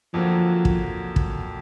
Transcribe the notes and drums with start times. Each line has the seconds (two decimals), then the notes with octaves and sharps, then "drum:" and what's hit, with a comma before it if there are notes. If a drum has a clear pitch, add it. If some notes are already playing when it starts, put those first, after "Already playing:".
0.14 F2 D3 F3 F#3 A#3
0.65 drum: kick
1.16 drum: kick